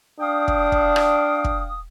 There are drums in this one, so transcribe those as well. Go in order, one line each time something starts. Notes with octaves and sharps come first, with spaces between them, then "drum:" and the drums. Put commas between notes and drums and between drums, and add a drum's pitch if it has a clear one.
D4 F5 G5 D#6
drum: kick
drum: kick
drum: rim click
drum: kick